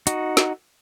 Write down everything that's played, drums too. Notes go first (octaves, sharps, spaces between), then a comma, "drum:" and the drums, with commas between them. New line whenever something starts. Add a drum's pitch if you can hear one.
D#4 F#4, drum: hi-hat
drum: snare